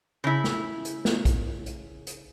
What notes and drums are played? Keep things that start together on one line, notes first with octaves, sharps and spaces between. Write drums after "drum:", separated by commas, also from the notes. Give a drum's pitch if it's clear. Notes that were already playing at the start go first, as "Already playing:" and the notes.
C#3 E4
drum: snare
drum: hi-hat
drum: snare
drum: kick, hi-hat
drum: hi-hat
drum: hi-hat